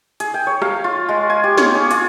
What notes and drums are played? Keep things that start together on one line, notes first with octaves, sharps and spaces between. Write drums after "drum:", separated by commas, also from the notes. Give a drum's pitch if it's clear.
G#4, drum: hi-hat
G5
C#5
F5, drum: rim click
F4
G#3
G#5
G4
C#5, drum: snare
G#4
F4, drum: hi-hat